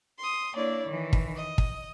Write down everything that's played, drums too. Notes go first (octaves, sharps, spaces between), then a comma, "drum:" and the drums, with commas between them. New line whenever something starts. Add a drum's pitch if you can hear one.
C6 D#6
A#3 D4 E4 C#5 D5
D#3 E3
drum: kick
D#5
drum: kick